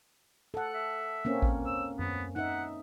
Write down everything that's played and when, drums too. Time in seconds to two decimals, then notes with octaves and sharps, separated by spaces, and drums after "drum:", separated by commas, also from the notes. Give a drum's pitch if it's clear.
0.54 A4 F#5
0.74 E5
1.25 A#3 C4 C#4
1.42 drum: kick A1
1.66 E6
1.99 B3, drum: tom F#2
2.36 D#4 E5 F#5